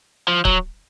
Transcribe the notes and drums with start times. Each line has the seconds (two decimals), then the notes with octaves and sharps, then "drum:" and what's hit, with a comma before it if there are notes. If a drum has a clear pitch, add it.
0.28 F3
0.45 F#3, drum: kick C#1